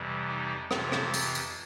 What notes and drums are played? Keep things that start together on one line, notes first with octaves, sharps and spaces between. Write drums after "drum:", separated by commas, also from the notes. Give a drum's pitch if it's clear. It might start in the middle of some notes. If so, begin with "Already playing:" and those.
Already playing: F2 C3 E3 G3
D#4
F2 C3 E3 F4, drum: rim click
drum: rim click
drum: tambourine
drum: tambourine